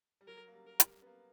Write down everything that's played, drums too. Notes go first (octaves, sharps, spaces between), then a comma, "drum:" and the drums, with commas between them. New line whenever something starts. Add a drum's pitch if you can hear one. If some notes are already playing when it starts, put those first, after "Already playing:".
G3
F#3 A#4
A#3
G3
A#4
G3, drum: hi-hat
B3
A#3